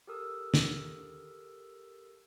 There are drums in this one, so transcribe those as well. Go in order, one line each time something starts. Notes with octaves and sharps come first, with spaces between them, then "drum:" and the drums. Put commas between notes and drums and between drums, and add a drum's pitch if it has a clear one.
G4 A4 A#4 D#6 E6
drum: snare